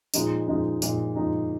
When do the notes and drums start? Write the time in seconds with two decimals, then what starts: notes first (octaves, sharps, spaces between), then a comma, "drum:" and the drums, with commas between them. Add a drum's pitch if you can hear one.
0.14 A#2 F3 G#3 D#4, drum: tambourine
0.47 A#2 F3 G#3 D#4
0.82 A#2 F3 G#3 D#4, drum: tambourine
1.16 A#2 F3 G#3 D#4